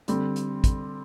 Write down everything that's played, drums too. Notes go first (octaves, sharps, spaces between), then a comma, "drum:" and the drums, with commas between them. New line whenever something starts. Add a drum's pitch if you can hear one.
D3 G3 C4, drum: hi-hat
drum: hi-hat
drum: kick, hi-hat